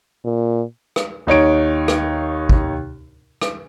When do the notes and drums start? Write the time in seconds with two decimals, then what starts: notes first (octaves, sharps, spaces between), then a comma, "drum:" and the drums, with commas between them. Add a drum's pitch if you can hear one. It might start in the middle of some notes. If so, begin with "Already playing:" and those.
0.25 A#2
0.96 drum: rim click
1.27 D#2 D#4 C#5 D7
1.88 drum: rim click
2.49 drum: kick
3.41 drum: rim click